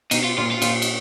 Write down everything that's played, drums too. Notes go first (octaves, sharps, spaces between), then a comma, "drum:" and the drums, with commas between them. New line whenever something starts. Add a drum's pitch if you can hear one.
B2 D#4, drum: cymbal
F4
A#2 F4
F4
A#2, drum: cymbal
drum: cymbal